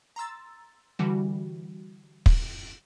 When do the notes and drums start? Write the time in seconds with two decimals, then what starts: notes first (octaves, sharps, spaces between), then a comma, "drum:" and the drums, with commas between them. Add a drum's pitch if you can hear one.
0.16 A#5 C6 E6 A6
0.99 D3 E3 G3 F#4
2.26 drum: kick